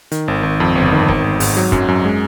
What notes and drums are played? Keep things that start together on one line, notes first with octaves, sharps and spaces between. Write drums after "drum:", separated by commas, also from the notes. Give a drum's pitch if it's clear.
D#3, drum: hi-hat
G#1
G#1
F2
G1
D#3
G#1, drum: kick
G#1
G#2, drum: open hi-hat
F#3
F#2, drum: kick
F#2
G#3